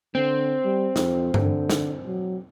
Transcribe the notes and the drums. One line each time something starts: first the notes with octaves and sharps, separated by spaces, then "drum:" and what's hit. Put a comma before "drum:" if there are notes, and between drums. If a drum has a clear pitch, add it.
D3 C4
G3
F2, drum: snare
D3, drum: tom G2
drum: snare
F#3